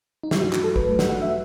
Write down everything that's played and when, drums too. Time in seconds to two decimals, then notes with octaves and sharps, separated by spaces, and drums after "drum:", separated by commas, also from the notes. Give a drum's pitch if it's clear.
0.23 D#4
0.31 E4, drum: snare
0.40 G2 F#3 A3 F#4
0.53 drum: clap
0.64 A4
0.76 B4, drum: kick A1
0.87 G2 F#3 A3
0.99 F#5, drum: snare
1.09 F#5
1.22 E5